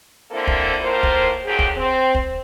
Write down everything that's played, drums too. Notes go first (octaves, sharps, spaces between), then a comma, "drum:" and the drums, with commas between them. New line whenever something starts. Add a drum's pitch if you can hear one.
D3 A#3 C4 E4 A4 C5
drum: kick
A2 A#3 F4 A#4 C5
drum: kick
F2 D#3 F#3 G4 G#4
drum: kick
C4
drum: kick